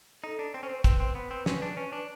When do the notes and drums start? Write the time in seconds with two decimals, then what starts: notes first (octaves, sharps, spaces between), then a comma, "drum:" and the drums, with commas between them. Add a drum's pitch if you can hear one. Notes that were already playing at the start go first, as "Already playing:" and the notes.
0.23 D#4 A4
0.39 D4
0.54 C4
0.63 C#4 C5
0.69 C4
0.79 C5
0.84 C4 B4, drum: kick, hi-hat
1.00 C4
1.15 B3
1.31 C4
1.46 C#4, drum: snare
1.62 D4
1.77 C#4
1.92 D4